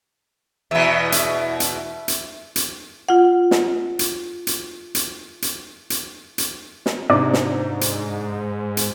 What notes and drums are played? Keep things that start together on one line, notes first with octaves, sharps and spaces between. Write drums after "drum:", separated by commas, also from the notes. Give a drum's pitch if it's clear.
E2 B2 E4 E5
drum: hi-hat
drum: hi-hat
drum: hi-hat
drum: hi-hat
F4 F#5
drum: snare
drum: hi-hat
drum: hi-hat
drum: hi-hat
drum: hi-hat
drum: hi-hat
drum: hi-hat
drum: snare
G#2 C3 D4 D#4 D5
drum: snare
drum: hi-hat
drum: hi-hat